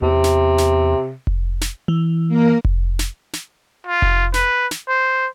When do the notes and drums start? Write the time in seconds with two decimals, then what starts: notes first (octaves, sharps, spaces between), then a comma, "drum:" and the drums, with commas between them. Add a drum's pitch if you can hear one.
0.02 E2 C3
0.24 drum: snare
0.58 drum: snare
1.27 drum: kick F1
1.61 drum: snare
1.88 E3
2.28 A#3 A#4
2.65 drum: kick F1
2.99 drum: snare
3.33 drum: snare
3.87 F4
4.02 drum: kick F1
4.34 B4, drum: snare
4.71 drum: snare
4.88 C5